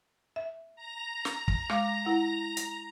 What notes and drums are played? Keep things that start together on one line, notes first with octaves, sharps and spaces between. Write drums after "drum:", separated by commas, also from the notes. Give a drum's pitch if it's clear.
E5
A#5
drum: snare
drum: kick
G#3 F5 D6, drum: rim click
E4 F#5
drum: hi-hat